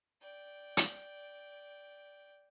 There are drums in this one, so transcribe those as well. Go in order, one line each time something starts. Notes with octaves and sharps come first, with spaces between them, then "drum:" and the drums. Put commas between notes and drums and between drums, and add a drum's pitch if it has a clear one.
D5 G5
drum: hi-hat